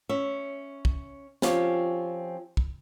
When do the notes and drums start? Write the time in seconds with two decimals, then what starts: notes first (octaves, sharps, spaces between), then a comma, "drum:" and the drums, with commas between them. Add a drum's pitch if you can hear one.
0.09 C#4 E5
0.85 drum: kick
1.42 F3 C4 C#4 F4 G4, drum: snare
2.57 drum: kick